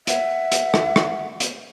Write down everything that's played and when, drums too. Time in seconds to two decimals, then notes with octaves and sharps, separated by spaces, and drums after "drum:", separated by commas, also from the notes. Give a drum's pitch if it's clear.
0.07 E5 F#5, drum: hi-hat
0.52 drum: hi-hat
0.74 drum: rim click
0.96 drum: rim click
1.40 drum: hi-hat